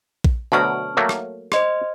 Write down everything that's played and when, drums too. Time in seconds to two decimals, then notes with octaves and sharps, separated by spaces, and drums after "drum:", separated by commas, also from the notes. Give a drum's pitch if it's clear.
0.24 drum: kick A#1
0.52 D2 B2 F#3 A5 C#6 F6
0.97 F#3 A3 A#3
1.09 drum: rim click
1.52 C5 D#5 C6, drum: rim click